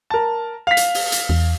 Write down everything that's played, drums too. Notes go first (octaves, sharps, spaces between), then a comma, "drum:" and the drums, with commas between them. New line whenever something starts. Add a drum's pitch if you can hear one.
A#4 A5
F5 B6
drum: hi-hat
drum: open hi-hat
drum: hi-hat
E2